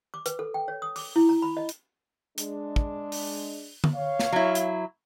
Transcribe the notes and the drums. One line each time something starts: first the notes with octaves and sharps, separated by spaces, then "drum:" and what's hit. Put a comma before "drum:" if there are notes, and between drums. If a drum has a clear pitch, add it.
D6
B4, drum: hi-hat
A4
G5
C#5
D#6
D6, drum: open hi-hat
E4
A#5
B5
D#5
drum: hi-hat
G#3 D4, drum: hi-hat
drum: kick
drum: open hi-hat
drum: tom D3
C#5 F5
drum: snare
F#3 E4
drum: hi-hat